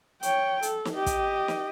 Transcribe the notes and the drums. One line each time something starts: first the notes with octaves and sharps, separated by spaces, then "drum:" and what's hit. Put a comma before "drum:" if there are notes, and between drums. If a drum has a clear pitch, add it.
C#5 G5, drum: hi-hat
A4, drum: hi-hat
drum: snare
G4 D#5
drum: kick, hi-hat
drum: snare